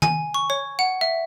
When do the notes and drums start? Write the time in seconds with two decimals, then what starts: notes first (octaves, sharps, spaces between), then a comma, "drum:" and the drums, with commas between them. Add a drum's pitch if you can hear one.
0.02 G#5, drum: tom
0.34 C#6
0.50 C#5
0.79 F#5
1.01 E5